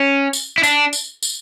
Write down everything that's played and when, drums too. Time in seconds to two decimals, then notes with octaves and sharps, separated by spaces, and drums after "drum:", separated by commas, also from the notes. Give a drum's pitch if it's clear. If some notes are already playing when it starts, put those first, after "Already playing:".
Already playing: C#4
0.33 drum: tambourine
0.58 E4
0.63 D4, drum: tambourine
0.93 drum: tambourine
1.22 drum: tambourine